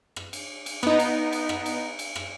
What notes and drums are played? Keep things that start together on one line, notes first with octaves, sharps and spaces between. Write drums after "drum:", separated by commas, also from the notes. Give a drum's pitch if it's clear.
drum: rim click
drum: cymbal
drum: cymbal
B3 D#4, drum: rim click
drum: cymbal
drum: cymbal
drum: rim click
drum: cymbal
drum: cymbal
drum: rim click